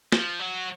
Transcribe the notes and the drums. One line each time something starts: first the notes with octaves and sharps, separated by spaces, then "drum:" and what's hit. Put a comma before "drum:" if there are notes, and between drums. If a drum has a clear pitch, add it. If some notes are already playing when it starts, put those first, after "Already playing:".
F3, drum: snare
F#3